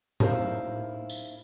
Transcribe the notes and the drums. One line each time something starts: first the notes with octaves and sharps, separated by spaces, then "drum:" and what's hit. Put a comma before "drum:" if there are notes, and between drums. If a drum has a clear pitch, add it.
D#4 E4 A#4 C5 D#5 F5, drum: tom A2
drum: tambourine